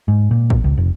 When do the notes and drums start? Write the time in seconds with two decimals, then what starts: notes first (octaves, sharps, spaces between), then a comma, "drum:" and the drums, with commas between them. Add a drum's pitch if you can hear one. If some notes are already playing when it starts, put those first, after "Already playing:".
0.08 G#2
0.31 A#2
0.50 drum: kick
0.64 C#2
0.77 F1